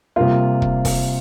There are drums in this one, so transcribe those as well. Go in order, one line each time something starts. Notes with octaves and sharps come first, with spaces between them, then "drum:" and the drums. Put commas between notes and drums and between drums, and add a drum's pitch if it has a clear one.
C3 G3 A#3 F4
drum: kick
drum: kick, open hi-hat